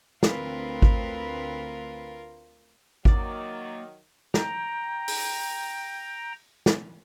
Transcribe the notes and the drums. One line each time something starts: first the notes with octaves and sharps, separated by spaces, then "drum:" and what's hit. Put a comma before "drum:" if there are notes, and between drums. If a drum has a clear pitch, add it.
D2 C4 F4 A#4 B4, drum: snare
drum: kick G#1
D#3 F#3 A#3 D5, drum: kick G#1
G5 A#5, drum: snare
drum: open hi-hat
drum: snare